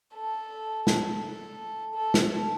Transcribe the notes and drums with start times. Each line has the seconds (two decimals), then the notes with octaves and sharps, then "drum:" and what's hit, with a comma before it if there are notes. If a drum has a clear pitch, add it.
0.16 A4
0.87 A4, drum: snare
1.95 A4
2.14 drum: snare